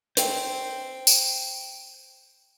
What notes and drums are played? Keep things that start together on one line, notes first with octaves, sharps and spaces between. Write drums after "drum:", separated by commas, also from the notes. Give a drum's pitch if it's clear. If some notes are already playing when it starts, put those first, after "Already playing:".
C5 G5, drum: hi-hat
drum: tambourine